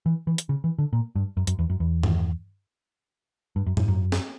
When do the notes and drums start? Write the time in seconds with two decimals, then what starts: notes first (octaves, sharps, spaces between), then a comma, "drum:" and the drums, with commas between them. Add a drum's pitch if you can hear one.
0.06 E3
0.27 E3
0.38 drum: hi-hat
0.49 C#3
0.64 E3
0.78 D3
0.93 A#2
1.15 G2
1.37 F#2
1.47 F#2, drum: hi-hat
1.59 E2
1.70 F#2
1.80 E2
2.03 drum: tom G2
3.56 G2
3.66 F#2
3.77 F#2, drum: tom G#2
3.88 F#2
4.12 drum: snare